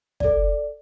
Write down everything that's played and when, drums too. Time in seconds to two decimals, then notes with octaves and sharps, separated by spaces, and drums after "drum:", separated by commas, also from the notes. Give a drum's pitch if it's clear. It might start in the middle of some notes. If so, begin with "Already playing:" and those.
0.20 A4 D5, drum: kick